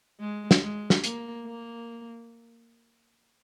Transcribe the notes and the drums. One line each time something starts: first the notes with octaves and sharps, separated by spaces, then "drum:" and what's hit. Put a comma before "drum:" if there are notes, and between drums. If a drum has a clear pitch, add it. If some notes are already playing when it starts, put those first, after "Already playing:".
G#3
drum: snare
G#3
drum: snare
A#3, drum: hi-hat
A#3